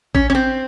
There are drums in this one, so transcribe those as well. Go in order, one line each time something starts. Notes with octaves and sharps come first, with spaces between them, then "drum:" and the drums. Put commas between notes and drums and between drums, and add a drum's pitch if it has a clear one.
C#4, drum: kick A1
C#4
C4